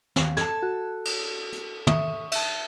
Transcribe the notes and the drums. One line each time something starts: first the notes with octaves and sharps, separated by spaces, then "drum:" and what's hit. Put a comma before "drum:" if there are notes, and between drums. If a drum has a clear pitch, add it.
D#2, drum: snare
A4 A5 G#6, drum: snare
F#4
drum: cymbal
drum: hi-hat
E5 C#6 D#6, drum: tom
E5 A5, drum: cymbal